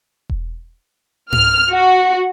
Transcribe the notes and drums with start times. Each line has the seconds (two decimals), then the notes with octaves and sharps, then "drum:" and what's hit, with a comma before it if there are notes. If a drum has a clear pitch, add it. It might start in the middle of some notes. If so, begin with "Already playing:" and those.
0.29 drum: kick E1
1.32 F6, drum: tom G#2
1.73 F#4